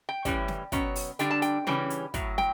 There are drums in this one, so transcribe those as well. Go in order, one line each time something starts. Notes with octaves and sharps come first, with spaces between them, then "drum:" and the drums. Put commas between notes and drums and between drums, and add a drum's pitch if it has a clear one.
G5
A2 E3 G3 C#4, drum: kick, hi-hat
drum: snare
B2 F#3 C#4, drum: kick, hi-hat
drum: open hi-hat
D3 G3 D4 G5, drum: hi-hat
A5
G5, drum: hi-hat
C#3 E3 G3 C#4, drum: snare
drum: hi-hat
A2 F#3, drum: kick, hi-hat
G5, drum: snare